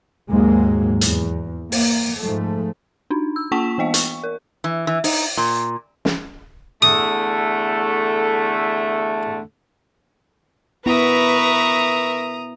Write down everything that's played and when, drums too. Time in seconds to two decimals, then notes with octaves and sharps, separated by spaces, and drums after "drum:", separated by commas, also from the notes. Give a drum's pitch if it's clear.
0.30 D#2 G#2 F#3 G#3 A#3
1.01 E2, drum: hi-hat
1.72 A#3, drum: open hi-hat
2.19 G#2 F3 A3
3.10 D4 D#4
3.36 E6
3.52 A#3 F4 A5 C#6 B6 E7
3.78 E3 B3 D#5 F5
3.94 C#6, drum: hi-hat
4.24 A#4
4.64 E3
4.87 E3
5.04 D#4, drum: open hi-hat
5.37 A#2
6.05 drum: snare
6.82 E2 D3 A3 D#6
10.86 B3 E4 A#4 B4 E5 A#5 C#6 D#6